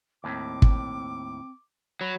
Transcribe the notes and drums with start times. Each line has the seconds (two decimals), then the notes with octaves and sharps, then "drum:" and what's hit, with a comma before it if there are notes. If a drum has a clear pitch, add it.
0.24 D#2 A2 C4 D6
0.62 drum: kick
2.01 F#3 B5